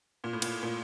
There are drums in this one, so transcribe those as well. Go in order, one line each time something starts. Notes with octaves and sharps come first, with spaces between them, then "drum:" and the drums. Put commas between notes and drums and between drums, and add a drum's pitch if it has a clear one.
A#2
A2
A#2, drum: cymbal
A#2